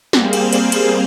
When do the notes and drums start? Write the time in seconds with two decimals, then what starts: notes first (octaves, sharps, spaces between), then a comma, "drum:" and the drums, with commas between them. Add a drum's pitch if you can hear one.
0.13 G3 A#3 C4 G#4 C5 F5, drum: snare
0.33 drum: cymbal
0.53 drum: cymbal
0.72 drum: cymbal